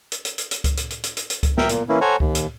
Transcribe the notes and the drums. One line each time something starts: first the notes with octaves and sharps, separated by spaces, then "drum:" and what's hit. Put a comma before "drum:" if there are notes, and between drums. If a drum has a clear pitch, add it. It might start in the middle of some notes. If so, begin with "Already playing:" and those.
drum: hi-hat
drum: hi-hat
drum: hi-hat
drum: hi-hat
drum: kick C#2, hi-hat
drum: hi-hat
drum: hi-hat
drum: hi-hat
drum: hi-hat
drum: hi-hat
drum: kick C#2, hi-hat
A#4 E5 G5, drum: snare
A#2, drum: hi-hat
E3 A#3 C#4 E4
A4 C5 C#5 F#5 G#5 A#5
D#2, drum: kick C#2
drum: hi-hat